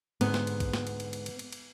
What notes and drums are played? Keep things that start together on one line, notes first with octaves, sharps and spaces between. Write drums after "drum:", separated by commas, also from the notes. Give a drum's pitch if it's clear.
G#2 D3 B3, drum: cymbal
drum: snare
drum: cymbal
drum: kick A#1, cymbal
drum: snare
drum: cymbal
drum: cymbal
drum: cymbal
drum: cymbal
drum: cymbal
drum: cymbal